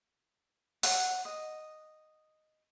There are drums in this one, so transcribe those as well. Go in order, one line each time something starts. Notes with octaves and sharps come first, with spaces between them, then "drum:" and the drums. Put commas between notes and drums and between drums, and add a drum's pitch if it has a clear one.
F#5, drum: open hi-hat
D#5